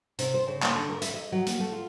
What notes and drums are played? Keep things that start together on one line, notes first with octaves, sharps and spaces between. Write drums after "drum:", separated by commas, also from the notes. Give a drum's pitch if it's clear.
C3, drum: hi-hat
C5
C#3
A#3, drum: clap
D3
A#4
E5, drum: hi-hat
D#5
F#3
A#3, drum: hi-hat
A3
F4